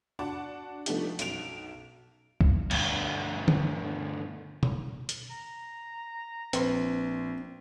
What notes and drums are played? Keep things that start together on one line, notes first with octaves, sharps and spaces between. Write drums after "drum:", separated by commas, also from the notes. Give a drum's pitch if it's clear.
D4 F#4 F#5 A5 D6
F3 A3 B3 D4 D#4 G4, drum: hi-hat
B1 F#2 F#3 D#4 D7 F7, drum: hi-hat
drum: kick C2
D2 G2, drum: cymbal
drum: tom
drum: tom
drum: hi-hat
A#5
A#1 C4 B4 C6, drum: hi-hat